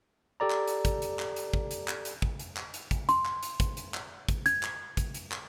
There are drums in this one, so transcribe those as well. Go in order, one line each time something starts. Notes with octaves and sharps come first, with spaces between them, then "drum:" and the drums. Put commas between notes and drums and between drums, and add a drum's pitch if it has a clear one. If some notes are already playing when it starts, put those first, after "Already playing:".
G4 A4 D5 A#5
drum: clap
drum: hi-hat
drum: kick, hi-hat
drum: hi-hat
drum: clap
drum: hi-hat
drum: kick
drum: hi-hat
drum: clap
drum: hi-hat
drum: kick
drum: hi-hat
drum: clap
drum: hi-hat
drum: kick, hi-hat
C6, drum: hi-hat
drum: clap
drum: hi-hat
drum: kick, hi-hat
drum: hi-hat
drum: clap
drum: kick, hi-hat
G#6, drum: hi-hat
drum: clap
drum: kick, hi-hat
drum: hi-hat
drum: clap